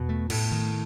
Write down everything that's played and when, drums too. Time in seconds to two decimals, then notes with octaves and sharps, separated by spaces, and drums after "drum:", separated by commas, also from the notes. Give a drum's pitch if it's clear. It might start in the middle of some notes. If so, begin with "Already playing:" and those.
Already playing: E2 B2
0.09 A3
0.30 A2 A3, drum: cymbal
0.52 D#3